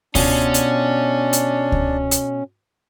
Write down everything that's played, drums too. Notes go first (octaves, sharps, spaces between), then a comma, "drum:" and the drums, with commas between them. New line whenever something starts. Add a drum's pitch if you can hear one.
B2 C#4 D4 F4, drum: kick C#2, open hi-hat
drum: hi-hat
drum: hi-hat
drum: kick C#2
drum: hi-hat